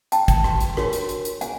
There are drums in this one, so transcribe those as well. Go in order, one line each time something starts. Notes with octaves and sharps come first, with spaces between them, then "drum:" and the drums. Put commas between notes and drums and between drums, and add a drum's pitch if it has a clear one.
G5 A5, drum: hi-hat
drum: kick, hi-hat
drum: rim click
drum: hi-hat
D4 F#4 A#4 C#5, drum: rim click
drum: hi-hat
drum: hi-hat
drum: hi-hat
F#5 G#5, drum: hi-hat